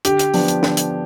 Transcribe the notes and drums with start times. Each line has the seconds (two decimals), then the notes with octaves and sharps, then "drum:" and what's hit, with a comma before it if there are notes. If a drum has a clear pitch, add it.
0.05 D3 G4, drum: hi-hat
0.19 drum: hi-hat
0.34 F3 B3 D4, drum: open hi-hat
0.48 drum: hi-hat
0.63 D3, drum: snare
0.77 drum: hi-hat